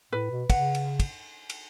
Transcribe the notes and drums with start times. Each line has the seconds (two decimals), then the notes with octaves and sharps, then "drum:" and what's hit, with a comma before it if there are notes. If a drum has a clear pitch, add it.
0.12 A2 B4
0.31 B2
0.50 C#3 F#5, drum: kick, cymbal
0.75 drum: cymbal
1.00 drum: kick, cymbal
1.50 drum: cymbal